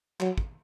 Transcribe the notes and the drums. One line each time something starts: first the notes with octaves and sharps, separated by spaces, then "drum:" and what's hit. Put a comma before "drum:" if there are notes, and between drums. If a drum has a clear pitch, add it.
F#3, drum: clap
drum: kick